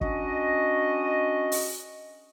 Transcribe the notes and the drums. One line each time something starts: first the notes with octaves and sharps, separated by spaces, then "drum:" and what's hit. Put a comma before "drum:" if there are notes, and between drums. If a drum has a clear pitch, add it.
C#4 D4 F#4 D#5, drum: kick
drum: open hi-hat